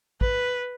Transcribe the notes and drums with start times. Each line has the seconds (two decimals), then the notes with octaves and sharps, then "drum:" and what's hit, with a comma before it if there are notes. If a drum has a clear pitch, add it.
0.21 B4, drum: kick